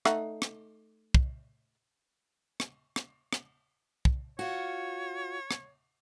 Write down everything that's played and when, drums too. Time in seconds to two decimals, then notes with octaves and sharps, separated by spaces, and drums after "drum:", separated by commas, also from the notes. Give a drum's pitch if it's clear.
0.05 A3 D#4 F#5, drum: rim click
0.42 drum: rim click
1.14 drum: kick
2.60 drum: rim click
2.96 drum: rim click
3.33 drum: rim click
4.05 drum: kick
4.39 F4 F#4 C#5
5.51 drum: rim click